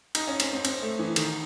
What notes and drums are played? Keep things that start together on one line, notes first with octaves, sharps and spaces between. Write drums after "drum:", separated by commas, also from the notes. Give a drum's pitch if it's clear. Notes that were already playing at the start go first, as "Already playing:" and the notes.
D#4, drum: cymbal
C#4
C4, drum: cymbal
C4
C4, drum: cymbal
A3
E3
D#3, drum: cymbal